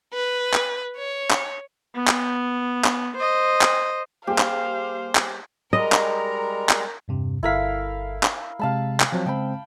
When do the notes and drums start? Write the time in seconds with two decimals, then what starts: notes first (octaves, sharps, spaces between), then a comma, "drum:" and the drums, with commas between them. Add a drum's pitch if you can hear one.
0.13 B4
0.54 drum: clap
0.97 C#5
1.31 drum: clap
1.96 B3
2.08 drum: clap
2.85 drum: clap
3.17 C5 D#5
3.62 drum: clap
4.27 G3 A#3 G4 G#4 C5 F5
4.39 drum: clap
5.15 drum: clap
5.73 G3 G#3 A#4 D#5 A#5
5.92 drum: clap
6.69 drum: clap
7.08 E2 G2 C3
7.43 G1 E4 A4 A#4 F5 B6
8.23 drum: clap
8.59 C3 G#3 F5 A5 B5
9.00 drum: clap
9.12 F3 F#3 C4
9.26 C#3 G#3 C4 G5 B5